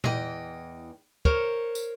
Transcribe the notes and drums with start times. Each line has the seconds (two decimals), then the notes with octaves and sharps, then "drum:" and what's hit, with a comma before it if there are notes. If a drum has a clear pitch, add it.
0.04 E2 E3 D#5 G5, drum: tom A#2
1.25 A#4 C5 C#5, drum: kick
1.75 drum: tambourine